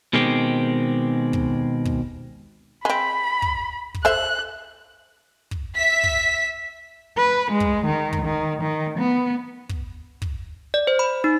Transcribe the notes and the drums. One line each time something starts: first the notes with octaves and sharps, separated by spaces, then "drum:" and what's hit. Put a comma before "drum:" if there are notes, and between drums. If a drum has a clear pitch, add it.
B2 D#3 G#3 C4 G4
drum: kick
drum: kick
G#3 C4 B5
drum: kick
drum: kick
A4 C5 E5 F#6
drum: kick
E5 B6
drum: kick
B4
G#3
drum: kick
D#3
drum: kick
D#3
D#3
B3
drum: kick
drum: kick
D5
C5
B5
D#4